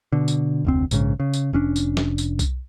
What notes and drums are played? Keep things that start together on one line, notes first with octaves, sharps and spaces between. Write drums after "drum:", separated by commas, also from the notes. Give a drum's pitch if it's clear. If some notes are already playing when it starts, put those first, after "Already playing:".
B2 D3
drum: tambourine
F1 D2 C4
A#1 G#2 C#3, drum: tambourine
C#3
drum: tambourine
F1 C#4 D4
drum: tambourine
drum: snare
drum: tambourine
drum: kick B1, tambourine